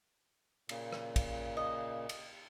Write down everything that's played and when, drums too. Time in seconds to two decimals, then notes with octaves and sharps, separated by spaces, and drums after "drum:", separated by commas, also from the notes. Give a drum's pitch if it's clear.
0.69 A#2 C#3, drum: cymbal
0.93 drum: rim click
1.16 drum: kick, cymbal
1.57 D#5
2.09 drum: cymbal